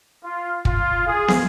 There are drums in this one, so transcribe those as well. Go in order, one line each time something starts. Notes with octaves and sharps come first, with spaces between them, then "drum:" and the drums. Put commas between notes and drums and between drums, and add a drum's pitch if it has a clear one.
F4
F4, drum: kick
G#4
drum: snare